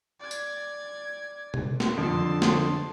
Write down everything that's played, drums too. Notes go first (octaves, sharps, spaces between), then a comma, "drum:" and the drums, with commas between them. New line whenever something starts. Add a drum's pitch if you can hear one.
D5 G#6
drum: tambourine
drum: tom B2
drum: snare
F2 D3 A4 A5 C6
drum: snare